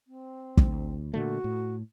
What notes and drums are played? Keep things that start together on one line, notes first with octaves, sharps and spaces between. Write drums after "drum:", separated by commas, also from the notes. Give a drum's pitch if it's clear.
C4
D2, drum: kick
A#2 D3 A3 F#4
A2